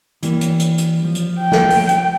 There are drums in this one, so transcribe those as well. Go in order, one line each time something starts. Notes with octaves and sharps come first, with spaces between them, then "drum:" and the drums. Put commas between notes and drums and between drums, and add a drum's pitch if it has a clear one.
E3 G3 A#3, drum: hi-hat
drum: hi-hat
drum: hi-hat
drum: hi-hat
F3
drum: hi-hat
G5
drum: snare
drum: open hi-hat
drum: hi-hat